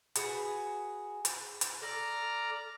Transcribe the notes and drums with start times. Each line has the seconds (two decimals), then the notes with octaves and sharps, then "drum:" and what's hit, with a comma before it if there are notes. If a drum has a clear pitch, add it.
0.15 F#4 G#4 B4, drum: hi-hat
1.25 drum: hi-hat
1.61 drum: hi-hat
1.82 A4 D5 A#5 F6